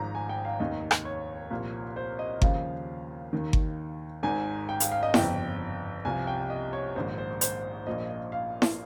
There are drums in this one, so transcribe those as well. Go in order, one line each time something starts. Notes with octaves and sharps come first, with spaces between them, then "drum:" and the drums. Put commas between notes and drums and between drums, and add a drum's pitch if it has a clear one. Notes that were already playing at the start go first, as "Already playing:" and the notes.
Already playing: G#1 G#2 F3 A#5
G#5
G5
F5
F1 D#2 D#3 D#5
drum: rim click
C#5
C2 A#2 F3
C5
D#5
D#2 C#3 F3 F5, drum: kick G1
D#2 D#3
drum: kick G1
G#1 G#2 D#3 G#5
G5
F5, drum: hi-hat
F5
D#5
G1 F2 C#3 G5, drum: snare E4
C2 C3 F3 G#5
G5
D#5
C#5
A#1 G#2 D#3 C5
C5
C5, drum: hi-hat
A#1 A#2 F3 D#5
D#5
F5
drum: snare E4